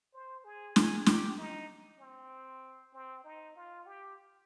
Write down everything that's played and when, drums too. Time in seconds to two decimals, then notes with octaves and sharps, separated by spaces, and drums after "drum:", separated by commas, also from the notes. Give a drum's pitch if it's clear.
0.13 C5
0.44 G#4
0.76 G#4, drum: snare
1.06 G4, drum: snare
1.38 D#4
2.00 C4
2.93 C4
3.24 D#4
3.56 F4
3.87 G4